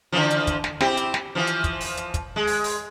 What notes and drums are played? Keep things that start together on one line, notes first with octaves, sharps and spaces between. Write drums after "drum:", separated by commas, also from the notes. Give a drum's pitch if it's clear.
D3 E3 F3
drum: hi-hat
drum: kick, hi-hat
drum: snare
C4 E4 G4, drum: snare
drum: hi-hat
drum: snare
E3 F3
drum: hi-hat
drum: kick, hi-hat
drum: open hi-hat
drum: hi-hat
drum: kick, hi-hat
G#3
drum: open hi-hat
drum: open hi-hat